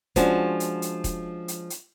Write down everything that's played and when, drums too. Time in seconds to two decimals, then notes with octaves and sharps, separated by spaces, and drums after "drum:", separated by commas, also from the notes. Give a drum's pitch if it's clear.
0.16 F3 G#3 C#4 D4 F#4, drum: kick, hi-hat
0.60 drum: hi-hat
0.82 drum: hi-hat
1.04 drum: kick, hi-hat
1.48 drum: hi-hat
1.70 drum: hi-hat